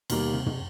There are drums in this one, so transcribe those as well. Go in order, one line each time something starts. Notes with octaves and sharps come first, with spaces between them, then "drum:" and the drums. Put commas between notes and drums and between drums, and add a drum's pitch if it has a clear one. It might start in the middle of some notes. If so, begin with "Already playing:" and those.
D#2 B2 D#3 G3 A#3, drum: cymbal
C3
drum: tom